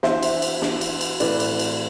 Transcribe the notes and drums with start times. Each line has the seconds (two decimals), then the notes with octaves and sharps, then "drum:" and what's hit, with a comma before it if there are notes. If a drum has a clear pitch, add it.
0.03 E3 B3 D4 F#4 C5 E5, drum: snare
0.23 drum: cymbal
0.42 drum: cymbal
0.62 E3 B3 D4 F#4, drum: snare
0.81 drum: cymbal
1.01 drum: cymbal
1.20 A2 E3 A3 C4 B4 D5, drum: cymbal
1.40 drum: cymbal
1.59 drum: cymbal